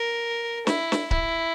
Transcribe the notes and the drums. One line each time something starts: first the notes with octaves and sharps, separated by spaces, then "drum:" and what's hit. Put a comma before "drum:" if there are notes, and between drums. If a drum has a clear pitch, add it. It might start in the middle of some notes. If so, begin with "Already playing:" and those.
Already playing: A#4
E4, drum: snare
drum: snare
E4, drum: kick C#1